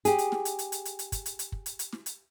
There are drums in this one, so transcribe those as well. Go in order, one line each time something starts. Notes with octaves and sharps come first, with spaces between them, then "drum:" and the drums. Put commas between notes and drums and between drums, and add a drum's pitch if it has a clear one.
G4 G#4, drum: hi-hat
drum: hi-hat
drum: snare
drum: hi-hat
drum: hi-hat
drum: hi-hat
drum: hi-hat
drum: hi-hat
drum: kick, hi-hat
drum: hi-hat
drum: hi-hat
drum: kick
drum: hi-hat
drum: hi-hat
drum: snare
drum: hi-hat